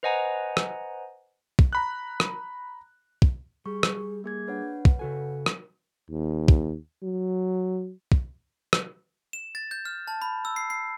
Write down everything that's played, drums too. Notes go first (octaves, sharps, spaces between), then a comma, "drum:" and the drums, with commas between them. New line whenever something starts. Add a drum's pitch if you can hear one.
B4 C5 D#5 F#5 G#5 A#5
drum: rim click
drum: kick
A#5 B5 F#6
drum: rim click
drum: kick
G3 G#4 C#6
drum: rim click
A#3 G#4 G#6
D4 B4 C#5 F#5
drum: kick
C#3 F#4 A4 G#5
drum: rim click
D#2
drum: kick
F#3
drum: kick
drum: rim click
E7
A6
G6
F6
A5
B5
E6
C7
C7